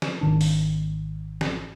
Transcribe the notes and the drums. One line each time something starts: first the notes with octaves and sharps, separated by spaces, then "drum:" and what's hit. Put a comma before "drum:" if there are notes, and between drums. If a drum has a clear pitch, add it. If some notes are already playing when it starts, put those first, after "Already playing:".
drum: snare
G#1 D#3 D4
drum: open hi-hat
drum: snare